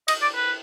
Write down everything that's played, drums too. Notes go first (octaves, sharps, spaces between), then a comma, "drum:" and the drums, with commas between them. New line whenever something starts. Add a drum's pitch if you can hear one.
D#5, drum: cymbal
D5
B4